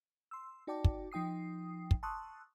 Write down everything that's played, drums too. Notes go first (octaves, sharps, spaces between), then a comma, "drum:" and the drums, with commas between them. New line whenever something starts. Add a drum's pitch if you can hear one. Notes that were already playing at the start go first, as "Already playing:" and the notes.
C6 E6
D#4 F#4 D5 G5 A5 D6
drum: kick
F3 D#4 G5 D#6 C7
drum: kick
A5 C6 C#6 D#6 E6 F#6